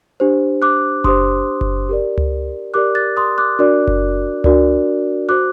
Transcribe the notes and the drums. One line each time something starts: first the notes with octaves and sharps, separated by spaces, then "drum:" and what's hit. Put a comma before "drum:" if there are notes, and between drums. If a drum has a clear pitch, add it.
D4 G4 C5
D6 F#6
D4 G4 C5 C6 D#6, drum: kick F#1
drum: kick F#1
G4 A#4 D5
drum: tom C#2
G4 A#4 D5 D6 F#6
F#6 A6
C6 D#6
D6 F#6
D4 F#4 A#4 D5
drum: kick F#1
D4 F#4 A#4 D5, drum: tom C#2
F#4 C5 D6 F#6